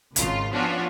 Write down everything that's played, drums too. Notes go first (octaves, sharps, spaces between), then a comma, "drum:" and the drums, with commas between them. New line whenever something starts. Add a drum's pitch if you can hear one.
G#1 C#3 F4, drum: hi-hat
F3 B3 C#4 D4 F4 F#4